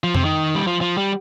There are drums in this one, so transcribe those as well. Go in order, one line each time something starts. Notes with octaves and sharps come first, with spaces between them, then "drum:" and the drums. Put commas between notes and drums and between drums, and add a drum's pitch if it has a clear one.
F3
C3, drum: tom F2
D#3
G3
F3
F3
G3